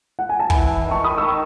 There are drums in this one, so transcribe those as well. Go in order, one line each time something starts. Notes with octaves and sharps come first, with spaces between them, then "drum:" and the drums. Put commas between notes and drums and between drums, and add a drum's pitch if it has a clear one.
F#5
G#5
A5
E3 G#5 B5, drum: kick
D#3 A5 C#6
B5 D#6
C#6 E6